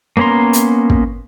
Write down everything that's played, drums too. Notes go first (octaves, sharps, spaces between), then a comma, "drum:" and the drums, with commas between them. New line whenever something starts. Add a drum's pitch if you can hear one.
A#3 B3 C#4 A#5 C6
drum: hi-hat
drum: kick